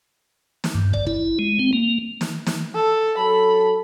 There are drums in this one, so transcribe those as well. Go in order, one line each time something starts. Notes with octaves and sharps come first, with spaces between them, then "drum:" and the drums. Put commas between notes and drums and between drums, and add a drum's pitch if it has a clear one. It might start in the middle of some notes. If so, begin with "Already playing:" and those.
drum: snare
G2
D5, drum: kick
E4, drum: kick
G#3
C4
A#3
drum: snare
drum: snare
A4
F#3 A4 B5